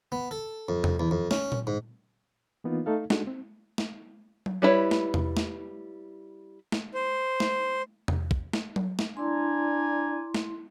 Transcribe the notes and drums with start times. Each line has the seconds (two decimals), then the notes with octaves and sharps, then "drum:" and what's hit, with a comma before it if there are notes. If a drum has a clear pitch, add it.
0.12 B3
0.31 A4
0.69 F2
0.84 drum: tom E2
1.00 E2
1.11 F2
1.31 C#4, drum: snare
1.52 drum: tom A#2
1.67 G#2
2.64 E3 A#3 B3 D#4 F4
2.86 A3 D#4 A4 F5
3.10 G#3 D4 D#4 F#4 A4, drum: snare
3.27 C4
3.78 drum: snare
4.46 drum: tom F#3
4.62 G3 D4 E4 B4 C#5
4.91 drum: snare
5.14 drum: tom E2
5.37 drum: snare
6.72 drum: snare
6.94 C5
7.40 drum: snare
8.08 drum: tom E2
8.31 drum: kick
8.53 drum: snare
8.76 drum: tom F#3
8.99 drum: snare
9.17 D4 E4 D5 G#5 A#5 C6
10.35 drum: snare